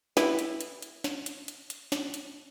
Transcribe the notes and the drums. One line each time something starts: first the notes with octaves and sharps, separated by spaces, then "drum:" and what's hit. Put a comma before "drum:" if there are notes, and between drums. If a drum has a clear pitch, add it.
E4 B4, drum: snare
drum: hi-hat
drum: hi-hat
drum: hi-hat
drum: snare
drum: hi-hat
drum: hi-hat
drum: hi-hat
drum: snare
drum: hi-hat